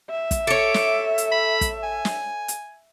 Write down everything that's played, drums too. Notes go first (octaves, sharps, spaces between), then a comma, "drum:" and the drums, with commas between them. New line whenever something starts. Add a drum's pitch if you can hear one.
E5
drum: kick, hi-hat
A4 C#5 D6
drum: snare
drum: hi-hat
B5
drum: kick, hi-hat
G#5
drum: snare
drum: hi-hat